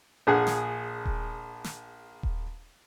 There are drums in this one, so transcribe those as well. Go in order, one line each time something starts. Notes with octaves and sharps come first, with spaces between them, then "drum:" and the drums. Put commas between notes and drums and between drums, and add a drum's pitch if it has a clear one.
A#1 G#4 F#5
drum: snare
drum: kick D#1
drum: snare
drum: kick D#1